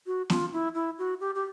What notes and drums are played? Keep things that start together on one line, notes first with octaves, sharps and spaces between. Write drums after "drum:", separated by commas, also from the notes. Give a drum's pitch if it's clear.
F#4
F4, drum: snare B3
E4
E4
F#4
G4
G4